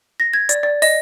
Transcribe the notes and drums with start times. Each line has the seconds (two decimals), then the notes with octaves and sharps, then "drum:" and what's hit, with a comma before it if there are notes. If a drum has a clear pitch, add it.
0.20 A#6
0.33 G#6
0.49 D5, drum: hi-hat
0.63 D5
0.82 D#5, drum: open hi-hat